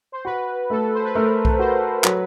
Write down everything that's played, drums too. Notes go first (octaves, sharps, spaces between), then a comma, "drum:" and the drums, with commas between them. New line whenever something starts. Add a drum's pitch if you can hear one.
C5
F#4 B4
A3 A4
C5
B4
A3 A#4
drum: kick B1
F#4 C5
F#3 B4, drum: clap